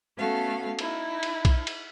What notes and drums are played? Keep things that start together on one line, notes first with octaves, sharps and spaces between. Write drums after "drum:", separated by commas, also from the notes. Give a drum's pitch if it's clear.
A3 B3 C#4 F#4 A4 F5
D#4 E4, drum: cymbal
drum: cymbal
drum: kick B1, cymbal
drum: cymbal